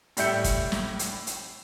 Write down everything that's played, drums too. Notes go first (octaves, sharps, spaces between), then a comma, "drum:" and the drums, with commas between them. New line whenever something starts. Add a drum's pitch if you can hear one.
A2 G3 E5 G6 C#7, drum: hi-hat
drum: kick, hi-hat
drum: snare
drum: hi-hat
drum: hi-hat